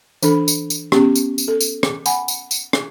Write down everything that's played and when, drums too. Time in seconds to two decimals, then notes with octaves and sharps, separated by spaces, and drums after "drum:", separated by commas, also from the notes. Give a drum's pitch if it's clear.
0.23 E3 D4 A4 B5, drum: tambourine
0.48 drum: tambourine
0.70 drum: tambourine
0.92 B3 C#4 G4, drum: rim click
1.15 drum: tambourine
1.38 drum: tambourine
1.48 A4
1.61 drum: tambourine
1.83 drum: rim click
2.06 F#5 G#5 B5, drum: tambourine
2.28 drum: tambourine
2.51 drum: tambourine
2.73 drum: rim click